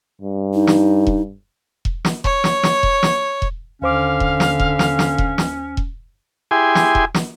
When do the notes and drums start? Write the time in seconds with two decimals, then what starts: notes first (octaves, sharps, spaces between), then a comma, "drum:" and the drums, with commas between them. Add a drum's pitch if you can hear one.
0.22 G2
0.54 D#4
0.67 drum: snare
1.07 drum: kick E1
1.85 drum: kick E1
2.05 drum: snare
2.24 C#5, drum: kick E1
2.44 drum: snare
2.63 drum: snare
2.83 drum: kick E1
3.03 drum: snare
3.42 drum: kick E1
3.82 D#2 D3 C#4 C5 F5 D6
4.20 drum: kick E1
4.40 drum: snare
4.60 drum: kick E1
4.79 drum: snare
4.99 drum: snare
5.18 drum: kick E1
5.38 drum: snare
5.77 drum: kick E1
6.51 E4 G4 G#4 G#5 C6
6.75 drum: snare
6.95 drum: kick E1
7.15 drum: snare